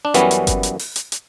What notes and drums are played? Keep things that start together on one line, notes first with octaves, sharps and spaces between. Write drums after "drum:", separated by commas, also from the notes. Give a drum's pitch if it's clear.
D4
F#2 E3 G3 B3 C#4, drum: hi-hat
drum: hi-hat
drum: kick G1, hi-hat
drum: hi-hat
drum: open hi-hat
drum: hi-hat
drum: hi-hat